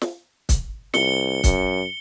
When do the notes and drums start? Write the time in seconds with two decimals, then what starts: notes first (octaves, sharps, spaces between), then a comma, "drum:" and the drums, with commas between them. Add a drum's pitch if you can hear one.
0.01 drum: snare
0.49 drum: kick, hi-hat
0.94 C2 C#7 G7, drum: snare
1.44 F#2, drum: kick, hi-hat